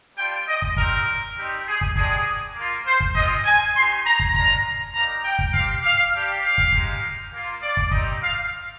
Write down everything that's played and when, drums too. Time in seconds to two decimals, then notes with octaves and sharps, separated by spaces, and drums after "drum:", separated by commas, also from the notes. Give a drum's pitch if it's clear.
0.17 G3 D4 F4 G5
0.48 D#5
0.62 drum: kick
0.77 G3 C4 D#4 G4 A#4, drum: kick
1.36 G3 C4 D#4 G4
1.67 G#4
1.81 drum: kick
1.96 G#3 D4 G4 G#4, drum: kick
2.56 A#3 F4
2.86 C5
3.01 drum: kick
3.15 G#3 C4 F4 D#5, drum: kick
3.46 G#5
3.74 C4 D#4 G4 C6
4.05 A#5
4.20 drum: kick
4.34 G#3 D4 F4 A#5, drum: kick
4.95 G3 A#3 D#4 A#5
5.25 G5
5.39 drum: kick
5.54 C4 G4 F5, drum: kick
5.83 F5
6.14 G3 D4 G4
6.43 F5
6.58 drum: kick
6.73 G#3 D#4 G4, drum: kick
7.33 A#3 F4
7.62 D5
7.77 drum: kick
7.92 G3 C4 D#4 G4 D#5, drum: kick
8.22 F5